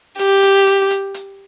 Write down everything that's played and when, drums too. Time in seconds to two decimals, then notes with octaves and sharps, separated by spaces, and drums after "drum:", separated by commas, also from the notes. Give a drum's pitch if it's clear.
0.19 G4, drum: hi-hat
0.43 drum: hi-hat
0.67 drum: hi-hat
0.91 drum: hi-hat
1.14 drum: hi-hat